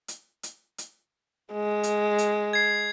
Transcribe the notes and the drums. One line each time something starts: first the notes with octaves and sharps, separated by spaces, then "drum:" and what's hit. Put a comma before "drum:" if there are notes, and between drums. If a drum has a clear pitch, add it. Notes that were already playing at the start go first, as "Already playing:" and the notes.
drum: hi-hat
drum: hi-hat
drum: hi-hat
G#3
drum: hi-hat
drum: hi-hat
G#6 C7